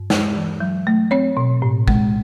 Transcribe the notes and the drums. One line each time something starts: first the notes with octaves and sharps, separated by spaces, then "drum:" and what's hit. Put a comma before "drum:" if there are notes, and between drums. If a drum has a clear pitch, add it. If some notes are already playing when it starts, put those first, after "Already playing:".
Already playing: G2
G#3, drum: snare
E3
F#3
A3
C4 C#5
B2
A2
G#3, drum: kick